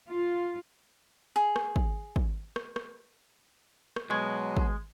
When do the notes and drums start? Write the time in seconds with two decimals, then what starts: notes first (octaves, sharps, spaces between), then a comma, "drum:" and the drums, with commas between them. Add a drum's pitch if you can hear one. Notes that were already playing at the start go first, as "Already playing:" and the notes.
0.10 F4
1.36 G#4
1.56 drum: rim click
1.76 drum: kick
2.16 drum: kick
2.56 drum: rim click
2.76 drum: rim click
3.96 drum: rim click
4.10 B2 F#3 G#3 C#6 G#6
4.57 drum: kick